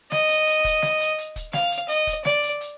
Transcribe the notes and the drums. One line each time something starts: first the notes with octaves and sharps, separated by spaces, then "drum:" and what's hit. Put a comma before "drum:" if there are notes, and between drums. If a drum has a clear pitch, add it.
D#5, drum: snare
drum: hi-hat
drum: hi-hat
drum: kick, hi-hat
drum: snare
drum: hi-hat
drum: hi-hat
drum: kick, hi-hat
F5, drum: snare
drum: hi-hat
D#5, drum: hi-hat
drum: kick, hi-hat
D5, drum: snare
drum: hi-hat
drum: hi-hat